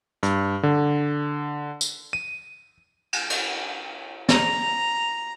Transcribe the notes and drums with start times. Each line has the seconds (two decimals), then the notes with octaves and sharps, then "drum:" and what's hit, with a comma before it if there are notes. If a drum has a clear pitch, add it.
0.23 G2, drum: hi-hat
0.63 D3
1.81 drum: tambourine
2.13 D#7
3.13 drum: cymbal
3.30 drum: cymbal
4.29 A#5, drum: snare